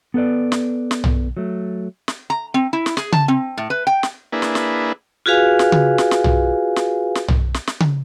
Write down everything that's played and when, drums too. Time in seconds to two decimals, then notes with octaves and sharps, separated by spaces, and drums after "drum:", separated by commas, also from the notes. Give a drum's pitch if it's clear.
0.14 B3 A4 B4 D5
0.52 drum: snare
0.91 drum: snare
1.04 drum: tom
1.37 F#3 A3
2.08 drum: snare
2.30 A#5
2.54 C4
2.73 E4
2.86 drum: snare
2.97 G#4, drum: snare
3.12 A5, drum: tom C#3
3.28 C4
3.57 A2
3.70 B4
3.87 G5
4.03 drum: snare
4.33 A#3 D4 E4 G#4 B4
4.42 drum: snare
4.55 drum: snare
5.26 F4 F#4 G#4 B4 F5 G#5
5.59 drum: snare
5.72 drum: tom C#3
5.98 drum: snare
6.11 drum: snare
6.24 drum: tom
6.76 drum: snare
7.15 drum: snare
7.28 drum: tom
7.54 drum: snare
7.67 drum: snare
7.80 drum: tom C#3